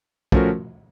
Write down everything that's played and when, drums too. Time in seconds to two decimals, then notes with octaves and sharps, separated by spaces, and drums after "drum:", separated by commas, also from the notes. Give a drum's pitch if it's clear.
0.32 F3 A3 C#4 F#4 A#4, drum: kick